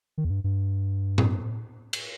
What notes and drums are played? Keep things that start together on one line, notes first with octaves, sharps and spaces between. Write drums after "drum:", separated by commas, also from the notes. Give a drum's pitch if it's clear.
D#3
E2
G2
G2
drum: tom A2
drum: cymbal